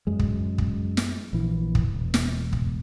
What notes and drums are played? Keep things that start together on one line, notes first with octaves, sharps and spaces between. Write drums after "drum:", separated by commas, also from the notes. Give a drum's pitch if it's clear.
F#2 G#3
drum: kick
drum: kick
drum: snare
A#1 E3
drum: kick
E1
drum: snare
drum: kick